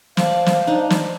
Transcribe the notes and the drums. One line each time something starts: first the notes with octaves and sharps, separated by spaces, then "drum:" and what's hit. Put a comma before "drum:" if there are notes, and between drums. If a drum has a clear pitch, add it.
C5 D5 F5 A5 C#6, drum: snare
drum: snare
D4 D#4
drum: snare